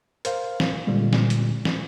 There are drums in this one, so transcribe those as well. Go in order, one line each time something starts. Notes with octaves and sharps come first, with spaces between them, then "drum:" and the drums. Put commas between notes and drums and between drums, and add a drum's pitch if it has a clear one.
A#4 C5 F5, drum: hi-hat
drum: snare
A#2 D3 G3 G#3
drum: snare
drum: hi-hat
drum: snare